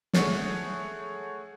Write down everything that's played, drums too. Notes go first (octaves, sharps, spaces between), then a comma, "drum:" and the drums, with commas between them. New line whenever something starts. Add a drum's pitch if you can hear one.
A3 G#4 C#5 F#5, drum: snare